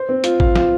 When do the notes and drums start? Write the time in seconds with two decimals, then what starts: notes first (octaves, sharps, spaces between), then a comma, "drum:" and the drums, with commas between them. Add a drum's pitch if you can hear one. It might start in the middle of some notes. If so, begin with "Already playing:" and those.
Already playing: C5
0.09 C4
0.24 F4, drum: hi-hat
0.40 F5, drum: kick A1
0.56 F4, drum: snare